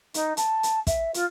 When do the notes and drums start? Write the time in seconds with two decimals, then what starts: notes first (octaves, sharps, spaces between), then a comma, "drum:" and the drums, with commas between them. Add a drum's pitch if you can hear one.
0.14 D#4, drum: hi-hat
0.37 A5, drum: hi-hat
0.63 drum: hi-hat
0.87 E5, drum: kick, hi-hat
1.14 F4, drum: hi-hat